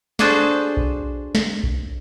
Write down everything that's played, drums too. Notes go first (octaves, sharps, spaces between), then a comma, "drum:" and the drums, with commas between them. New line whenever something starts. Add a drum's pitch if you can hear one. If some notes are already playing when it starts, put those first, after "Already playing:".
D4 F#4 G#4 A4 C5, drum: snare
drum: kick B1
drum: snare
drum: kick B1